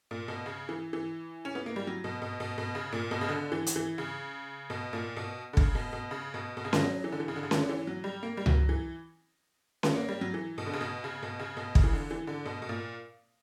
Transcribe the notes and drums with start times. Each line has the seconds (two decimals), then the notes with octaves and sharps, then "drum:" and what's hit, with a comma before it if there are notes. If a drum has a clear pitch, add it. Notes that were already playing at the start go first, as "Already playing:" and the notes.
0.11 A#2
0.28 B2
0.46 C#3
0.69 E3
0.93 E3
1.45 C#4
1.55 B3
1.66 A#3
1.76 G3
1.87 F#3
2.04 B2
2.22 B2
2.40 B2
2.58 B2
2.75 C#3
2.92 A#2
3.11 B2
3.21 C#3
3.29 D3
3.52 E3
3.67 drum: hi-hat
3.76 E3
3.98 C#3
4.70 B2
4.93 A#2
5.17 B2
5.53 D3
5.57 C#3, drum: kick
5.75 B2
5.93 B2
6.11 C#3
6.34 B2
6.57 B2
6.65 C#3
6.73 B2, drum: snare C#4
6.80 F#3
7.04 E3
7.12 D3
7.20 E3
7.28 C#3
7.36 D3
7.43 C#3
7.51 D3, drum: snare C#4
7.69 E3
7.87 F#3
8.04 G3
8.23 A#3
8.37 G3
8.46 F#3, drum: tom C#2
8.69 E3
9.83 B3, drum: snare C#4
9.96 A#3
10.09 G3
10.21 F#3
10.34 E3
10.58 B2
10.66 D3
10.73 C#3
10.81 B2
11.04 C#3
11.23 B2
11.39 C#3
11.57 B2
11.75 C#3, drum: kick
11.84 E3
11.93 D3
12.11 E3
12.27 D3
12.46 B2
12.62 B2
12.69 A#2